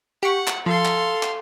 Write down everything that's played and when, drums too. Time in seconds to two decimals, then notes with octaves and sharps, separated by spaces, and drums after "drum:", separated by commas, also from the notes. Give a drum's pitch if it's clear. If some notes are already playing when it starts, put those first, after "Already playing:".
0.23 G4 F#5 C#6
0.47 drum: clap
0.66 F3 A4 F5 C6
0.85 drum: clap
1.23 drum: clap